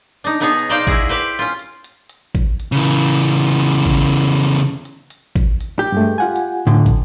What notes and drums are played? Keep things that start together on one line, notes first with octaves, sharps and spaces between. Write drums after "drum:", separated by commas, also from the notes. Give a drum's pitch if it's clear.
D4 D#4
B2 B3 D#4 G#4 C#5
drum: hi-hat
D#4 C5 D5 F5 G5
E4 F#4 G#4, drum: kick
G4 B4 C5, drum: hi-hat
C#4 F4
drum: hi-hat
drum: hi-hat
drum: hi-hat
drum: kick, hi-hat
drum: hi-hat
C#3 E3
drum: open hi-hat
drum: hi-hat
drum: hi-hat
drum: hi-hat
drum: kick, hi-hat
drum: hi-hat
drum: open hi-hat
drum: hi-hat
drum: hi-hat
drum: hi-hat
drum: kick, hi-hat
drum: hi-hat
G4
G2 G#3 A3
F4 F#5 G#5
drum: hi-hat
A2 D3
drum: kick, hi-hat